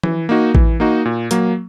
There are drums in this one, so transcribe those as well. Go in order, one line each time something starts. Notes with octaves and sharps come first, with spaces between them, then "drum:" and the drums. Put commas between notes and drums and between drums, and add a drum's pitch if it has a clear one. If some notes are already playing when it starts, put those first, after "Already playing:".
E3, drum: tom F3
A#3 D#4 F#4
E3, drum: kick A1
A#3 D#4 F#4
A#2
F#3 A#3, drum: hi-hat